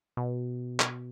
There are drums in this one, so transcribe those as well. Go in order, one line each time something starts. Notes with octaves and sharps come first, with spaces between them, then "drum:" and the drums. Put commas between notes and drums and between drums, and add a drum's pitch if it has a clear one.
B2
drum: clap